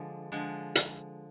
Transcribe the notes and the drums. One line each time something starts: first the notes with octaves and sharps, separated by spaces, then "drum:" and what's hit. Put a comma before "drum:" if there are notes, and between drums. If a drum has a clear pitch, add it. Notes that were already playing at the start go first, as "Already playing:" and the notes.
Already playing: D3 F3 G#3
D3 F3 G#3
drum: hi-hat